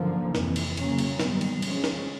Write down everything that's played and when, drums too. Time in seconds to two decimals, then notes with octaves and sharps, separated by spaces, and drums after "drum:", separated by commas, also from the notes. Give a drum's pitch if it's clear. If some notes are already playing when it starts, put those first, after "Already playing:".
Already playing: F#2 D3 F3 A#3
0.35 F2 C3 E3, drum: snare
0.56 drum: cymbal
0.77 C#3 F#3 A#3 C#4, drum: cymbal
0.98 drum: cymbal
1.19 F#2 D#3 G3 B3, drum: snare
1.41 drum: cymbal
1.62 D3 F3 G#3 C#4, drum: cymbal
1.84 drum: snare